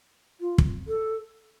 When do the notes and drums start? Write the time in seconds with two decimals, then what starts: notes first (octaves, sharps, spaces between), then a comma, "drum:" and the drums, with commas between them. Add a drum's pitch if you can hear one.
0.41 F4
0.58 drum: kick
0.88 A4